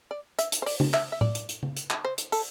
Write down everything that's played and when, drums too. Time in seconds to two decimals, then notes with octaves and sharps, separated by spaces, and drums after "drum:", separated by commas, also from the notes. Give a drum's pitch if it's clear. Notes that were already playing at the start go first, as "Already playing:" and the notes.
0.11 D5
0.39 E5, drum: hi-hat
0.52 drum: hi-hat
0.62 C5
0.66 D5, drum: open hi-hat
0.80 drum: tom C#3
0.94 E5, drum: clap
1.12 E5
1.21 D5, drum: tom A2
1.35 drum: hi-hat
1.49 drum: hi-hat
1.63 drum: tom C#3
1.77 drum: hi-hat
1.90 drum: clap
2.05 C5
2.18 drum: hi-hat
2.32 A4, drum: open hi-hat